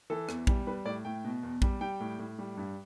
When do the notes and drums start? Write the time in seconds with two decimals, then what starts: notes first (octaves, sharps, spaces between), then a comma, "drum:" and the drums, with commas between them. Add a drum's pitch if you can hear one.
0.10 E3 A4
0.29 E2, drum: rim click
0.47 G3, drum: kick A#1
0.67 G3 B4
0.85 A2 D5
1.05 A2 G5
1.25 B2
1.43 E2
1.62 G3, drum: kick A#1
1.81 G3 G5
2.00 A2
2.19 A2
2.39 G3
2.57 G2